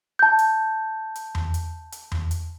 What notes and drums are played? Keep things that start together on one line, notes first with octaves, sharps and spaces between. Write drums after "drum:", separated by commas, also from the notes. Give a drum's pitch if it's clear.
A5 G6
drum: hi-hat
drum: hi-hat
drum: tom E2
drum: hi-hat
drum: hi-hat
drum: tom E2
drum: hi-hat